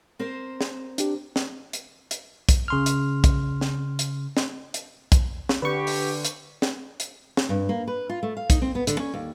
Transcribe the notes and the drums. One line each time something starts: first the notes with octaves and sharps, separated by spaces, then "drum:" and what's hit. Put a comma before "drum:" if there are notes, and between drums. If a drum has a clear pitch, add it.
C4 A#4 C5
drum: snare
D4 G4, drum: hi-hat
drum: snare
drum: hi-hat
drum: hi-hat
drum: kick, hi-hat
C#3 C6 F6
drum: hi-hat
drum: kick, hi-hat
drum: snare
drum: hi-hat
drum: snare
drum: hi-hat
drum: kick, hi-hat
drum: snare
D3 G4 B4 C#6
drum: open hi-hat
drum: hi-hat
drum: snare
drum: hi-hat
drum: snare
G2
A#3
B4
F4
A3
F5
D#4, drum: kick, hi-hat
C4
B3
D3, drum: hi-hat
C#4
D#2